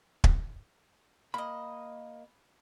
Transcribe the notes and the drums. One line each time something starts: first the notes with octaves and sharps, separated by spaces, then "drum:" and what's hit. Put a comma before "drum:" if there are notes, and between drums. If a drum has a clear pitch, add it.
drum: kick
A#3 D#5 B5